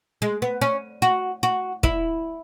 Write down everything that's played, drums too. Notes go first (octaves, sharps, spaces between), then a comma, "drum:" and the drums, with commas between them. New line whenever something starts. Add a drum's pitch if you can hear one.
G#3
B3
C#4
F#4
F#4
E4, drum: kick